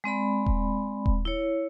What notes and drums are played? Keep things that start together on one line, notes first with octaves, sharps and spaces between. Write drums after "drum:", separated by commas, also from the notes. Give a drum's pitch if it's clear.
G#3 C4 D5 B5
drum: kick D#1
drum: kick D#1
E4 C#5